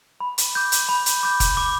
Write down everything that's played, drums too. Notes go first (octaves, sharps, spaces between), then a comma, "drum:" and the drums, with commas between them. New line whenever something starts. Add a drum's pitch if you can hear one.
B5
drum: hi-hat
D6 G6
drum: hi-hat
B5
drum: hi-hat
D6 G6
drum: kick F1, hi-hat
D6